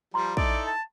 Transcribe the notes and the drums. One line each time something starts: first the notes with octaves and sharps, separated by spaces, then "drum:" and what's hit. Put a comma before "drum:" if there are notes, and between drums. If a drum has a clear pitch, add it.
F3 G3 A#5 C6
D#4 E4 A4 D5, drum: kick
A5